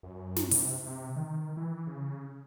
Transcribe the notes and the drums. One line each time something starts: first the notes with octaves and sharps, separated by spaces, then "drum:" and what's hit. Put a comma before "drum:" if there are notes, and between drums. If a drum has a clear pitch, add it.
F#2
drum: snare
C3, drum: open hi-hat
C3
D#3
E3
C#3